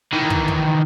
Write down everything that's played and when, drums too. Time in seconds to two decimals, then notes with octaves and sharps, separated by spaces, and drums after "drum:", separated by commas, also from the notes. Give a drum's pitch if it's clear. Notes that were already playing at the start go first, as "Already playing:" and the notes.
0.13 D#3 E3
0.30 drum: kick
0.48 drum: kick